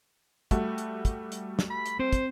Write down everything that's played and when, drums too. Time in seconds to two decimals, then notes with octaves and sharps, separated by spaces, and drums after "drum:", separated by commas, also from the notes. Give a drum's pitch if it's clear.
0.51 G3 A3 F#4, drum: kick, hi-hat
0.78 drum: hi-hat
1.05 drum: kick, hi-hat
1.32 drum: hi-hat
1.59 drum: snare
1.70 B5
1.86 drum: hi-hat
1.99 C4 C5
2.13 drum: kick, hi-hat